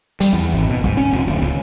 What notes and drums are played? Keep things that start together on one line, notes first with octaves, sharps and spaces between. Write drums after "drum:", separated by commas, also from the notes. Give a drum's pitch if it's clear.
G3, drum: hi-hat
E2
G#1
B2
G#2, drum: kick
C#4
F1
D1
C#2